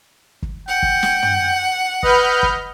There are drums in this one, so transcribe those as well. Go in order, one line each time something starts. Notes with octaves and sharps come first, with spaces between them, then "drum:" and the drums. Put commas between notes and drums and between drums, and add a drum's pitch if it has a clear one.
drum: kick
F#5 G5
drum: kick
drum: snare
drum: tom
B4 D#5 F6 G6, drum: kick
drum: kick